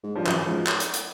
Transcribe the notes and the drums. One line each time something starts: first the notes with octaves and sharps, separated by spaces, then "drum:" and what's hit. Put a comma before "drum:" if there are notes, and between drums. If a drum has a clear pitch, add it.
G#2
G2 F3
F#2 E3, drum: clap
G#2 F3
drum: clap
drum: hi-hat
drum: hi-hat